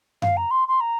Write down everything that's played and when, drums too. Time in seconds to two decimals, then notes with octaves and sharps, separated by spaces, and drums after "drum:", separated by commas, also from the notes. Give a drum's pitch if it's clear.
0.22 F5, drum: tom F#2
0.37 A#5
0.51 C6
0.68 C6
0.80 A#5